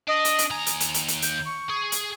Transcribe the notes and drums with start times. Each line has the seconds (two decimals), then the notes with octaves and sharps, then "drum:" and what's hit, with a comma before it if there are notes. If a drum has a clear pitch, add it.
0.07 D4 D#5
0.25 drum: hi-hat
0.39 drum: hi-hat
0.50 D#2 G#5 A#5
0.66 drum: hi-hat
0.80 drum: hi-hat
0.94 drum: hi-hat
1.08 drum: hi-hat
1.22 G6, drum: hi-hat
1.45 C#6
1.70 G#4
1.92 drum: hi-hat